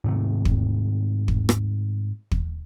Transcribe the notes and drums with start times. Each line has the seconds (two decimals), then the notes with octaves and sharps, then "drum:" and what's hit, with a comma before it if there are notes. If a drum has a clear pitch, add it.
0.04 G#2 C3 D#3 A3
0.45 drum: kick
1.28 drum: kick
1.49 drum: rim click
2.31 drum: kick